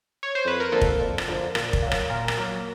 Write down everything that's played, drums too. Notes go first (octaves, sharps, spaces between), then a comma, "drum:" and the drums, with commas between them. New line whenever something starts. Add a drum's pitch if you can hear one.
C#5
C5
F2 B4
A#4
D3 F3 A#3 A4
drum: kick
F2
drum: rim click
D3 F3 A#3
A#2, drum: rim click
drum: kick
F#3 A#3
drum: rim click
A#2 A#4
drum: rim click
F#3 A#3